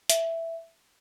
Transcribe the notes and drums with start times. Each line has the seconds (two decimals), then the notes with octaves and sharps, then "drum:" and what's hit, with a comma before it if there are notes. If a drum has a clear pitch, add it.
0.09 E5, drum: hi-hat